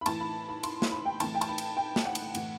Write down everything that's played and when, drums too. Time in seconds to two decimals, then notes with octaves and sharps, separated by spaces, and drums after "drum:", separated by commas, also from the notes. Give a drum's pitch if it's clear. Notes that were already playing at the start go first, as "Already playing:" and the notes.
0.01 B5
0.06 A2 E3 A5, drum: cymbal
0.20 B5
0.49 B5
0.63 C6, drum: cymbal
0.82 drum: snare
0.91 B5
1.05 G5
1.20 A2 E3 A5, drum: cymbal
1.35 G5
1.41 A5, drum: cymbal
1.48 B5
1.58 drum: cymbal
1.77 G5
1.96 drum: snare
2.05 F#5
2.15 drum: cymbal
2.35 A2 E3, drum: cymbal